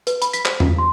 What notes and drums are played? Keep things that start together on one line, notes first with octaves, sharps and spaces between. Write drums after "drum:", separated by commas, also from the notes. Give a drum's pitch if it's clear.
B4, drum: hi-hat
B5, drum: hi-hat
B6, drum: hi-hat
C5, drum: clap
F4, drum: tom E2
C6